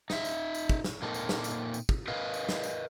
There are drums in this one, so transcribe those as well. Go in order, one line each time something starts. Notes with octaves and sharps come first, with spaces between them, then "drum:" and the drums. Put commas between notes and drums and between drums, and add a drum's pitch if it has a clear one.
D#4 E5, drum: snare
drum: tambourine
drum: tambourine
drum: kick
drum: snare
A#2 A#3 C4 D#4 A4
drum: tambourine
drum: snare
drum: tambourine
drum: tambourine
drum: kick
A#4 B4 D#5 F5
drum: tambourine
drum: snare
drum: tambourine